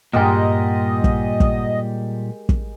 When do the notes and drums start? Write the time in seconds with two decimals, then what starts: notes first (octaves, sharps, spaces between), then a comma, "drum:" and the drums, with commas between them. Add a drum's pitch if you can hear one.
0.13 G2 A#2 G3 G#3 G4 A#4 D#5 F#5
1.04 drum: kick
1.40 drum: kick
2.49 drum: kick